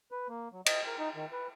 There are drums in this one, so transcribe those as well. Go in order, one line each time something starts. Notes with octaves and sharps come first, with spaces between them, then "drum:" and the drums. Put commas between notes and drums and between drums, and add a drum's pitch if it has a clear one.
B4
A#3
F#3
D#5, drum: cymbal
A#4
D#4
D#3
B4